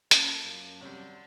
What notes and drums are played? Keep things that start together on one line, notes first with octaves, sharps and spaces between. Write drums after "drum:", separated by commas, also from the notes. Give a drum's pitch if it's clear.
A#3 C#4 F4 C#5 D#5 A5, drum: hi-hat
F#2
C3 G3 C#4 C#5 D5 F#5 A6